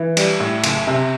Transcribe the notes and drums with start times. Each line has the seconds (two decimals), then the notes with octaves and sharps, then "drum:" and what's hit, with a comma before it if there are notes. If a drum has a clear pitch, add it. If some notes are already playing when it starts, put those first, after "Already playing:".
Already playing: E3
0.17 G3, drum: cymbal
0.40 A2
0.64 F#1, drum: cymbal
0.87 C3